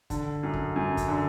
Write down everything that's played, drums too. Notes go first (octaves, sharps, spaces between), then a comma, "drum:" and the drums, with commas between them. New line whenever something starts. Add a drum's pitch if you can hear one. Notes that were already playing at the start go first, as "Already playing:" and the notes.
D3, drum: kick, hi-hat
F#2
drum: kick
F#2
drum: kick, hi-hat
D3